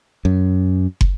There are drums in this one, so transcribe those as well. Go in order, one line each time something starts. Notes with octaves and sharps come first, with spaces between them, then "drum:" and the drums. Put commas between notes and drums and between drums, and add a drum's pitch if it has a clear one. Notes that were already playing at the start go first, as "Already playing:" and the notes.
F#2
drum: kick